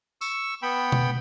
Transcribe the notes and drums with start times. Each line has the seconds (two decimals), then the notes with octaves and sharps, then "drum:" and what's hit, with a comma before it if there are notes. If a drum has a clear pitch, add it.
0.21 C#6 E6, drum: tambourine
0.63 B3 G5 B5
0.92 drum: tom B2